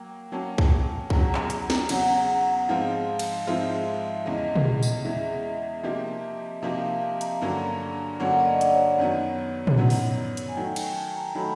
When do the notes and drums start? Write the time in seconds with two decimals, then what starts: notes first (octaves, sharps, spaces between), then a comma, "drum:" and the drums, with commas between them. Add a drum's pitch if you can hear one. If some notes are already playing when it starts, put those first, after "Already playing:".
Already playing: F#3 A#3 G5
0.32 F#3 A#3 C#4 A5
0.58 drum: kick C2
1.10 E2 C#3 F#3 A#5, drum: kick C2
1.35 drum: clap
1.50 A#5, drum: hi-hat
1.70 A#5, drum: snare
1.89 E2 C#3 F#3 F#5, drum: cymbal
2.68 G#2 F3 G#3 C4 F4 F5
3.19 drum: cymbal
3.47 G#2 F3 G#3 C4 F4 E5
4.25 E2 C#3 E3 G#3 D#5
4.56 drum: tom
4.83 drum: tambourine
5.04 E2 C#3 E3 G#3 E5
5.83 C3 F3 A#3 D#4 G4
6.62 C3 F3 A#3 D#4 G4 F5
6.82 F5
7.02 F5
7.21 A#5, drum: hi-hat
7.41 G2 D3 F#3 A#3 C#4 A#5
8.20 G2 D3 F#3 A#3 C#4 F#5
8.40 D5
8.46 D#5
8.61 drum: hi-hat
8.72 C#5
8.98 F#2 D#3 F#3 B3
9.67 drum: tom
9.78 F#2 D#3 F#3 B3
9.90 drum: open hi-hat
10.37 drum: hi-hat
10.48 G#5
10.56 D#3 F#3 A3 G5
10.76 G5, drum: cymbal
10.96 A5
11.16 A#5
11.35 D#3 F#3 A3 B5